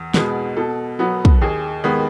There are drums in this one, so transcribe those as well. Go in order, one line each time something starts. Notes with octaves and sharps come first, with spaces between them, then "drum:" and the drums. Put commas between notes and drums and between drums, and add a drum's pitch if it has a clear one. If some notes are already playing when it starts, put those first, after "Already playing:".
Already playing: E2
B2 G#3 B3, drum: snare
B2 A4
F#3 B3
drum: kick
D#2 G#4
D#3 G#3 B3